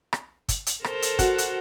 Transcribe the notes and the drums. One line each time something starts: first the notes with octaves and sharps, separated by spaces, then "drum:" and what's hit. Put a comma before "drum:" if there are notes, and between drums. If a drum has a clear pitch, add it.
drum: rim click
drum: kick, hi-hat
drum: hi-hat
A4 A#4 C5, drum: rim click
drum: hi-hat
F#4, drum: kick, hi-hat
drum: hi-hat